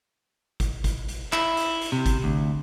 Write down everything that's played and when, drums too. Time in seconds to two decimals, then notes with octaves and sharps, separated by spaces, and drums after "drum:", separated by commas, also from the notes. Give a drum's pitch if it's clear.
0.60 drum: kick F#1, hi-hat
0.84 drum: kick F#1, hi-hat
1.09 drum: hi-hat
1.33 E4, drum: clap
1.57 drum: hi-hat
1.81 drum: hi-hat
1.92 C3
2.06 drum: kick F#1, hi-hat
2.24 D2